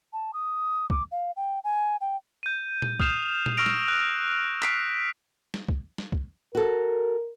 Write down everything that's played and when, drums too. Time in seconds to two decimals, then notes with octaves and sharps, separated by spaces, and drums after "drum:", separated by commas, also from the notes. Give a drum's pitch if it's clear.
0.13 A5
0.34 D#6
0.90 D6, drum: kick
1.11 F5
1.36 G5
1.64 G#5
2.01 G5
2.43 G6 D#7
2.82 drum: tom A#2
3.00 D#6 F6 G6 C7 E7 F7, drum: kick
3.46 drum: tom A#2
3.57 C#6 E6 F6 A#6 D7 F7
3.66 drum: snare
3.88 F#6
4.62 B6 C7 D7, drum: clap
5.54 drum: snare
5.69 drum: kick
5.98 drum: snare
6.12 drum: kick
6.55 F#4 A4 A#4